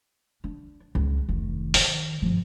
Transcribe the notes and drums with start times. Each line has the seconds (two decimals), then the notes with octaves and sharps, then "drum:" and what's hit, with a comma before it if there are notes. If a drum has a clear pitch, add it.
0.44 D4
0.95 C#2 D3
1.29 F1 D#3
1.74 D#3, drum: open hi-hat
2.22 G2 F3